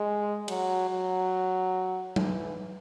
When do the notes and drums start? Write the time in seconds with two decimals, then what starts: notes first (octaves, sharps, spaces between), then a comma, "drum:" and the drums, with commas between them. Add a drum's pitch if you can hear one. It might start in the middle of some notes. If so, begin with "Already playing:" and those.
Already playing: G#3
0.48 F#3, drum: cymbal
0.90 F#3
2.16 E3, drum: tom F#3